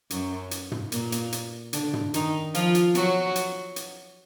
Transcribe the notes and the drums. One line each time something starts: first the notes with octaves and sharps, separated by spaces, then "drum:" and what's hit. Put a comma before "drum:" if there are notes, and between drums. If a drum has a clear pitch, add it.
F#2 F#3, drum: hi-hat
drum: hi-hat
drum: tom
A#2 A#3, drum: hi-hat
drum: hi-hat
drum: hi-hat
D3 D4, drum: hi-hat
drum: tom
D#3 D#4, drum: hi-hat
F3 F4, drum: hi-hat
drum: hi-hat
F#3 F#4, drum: hi-hat
drum: hi-hat
drum: hi-hat